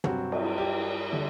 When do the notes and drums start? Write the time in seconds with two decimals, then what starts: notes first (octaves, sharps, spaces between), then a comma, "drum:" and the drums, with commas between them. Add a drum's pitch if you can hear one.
0.04 G2 F#3 C4 F#4, drum: tom
0.32 drum: cymbal
0.58 G4
1.12 D3 G3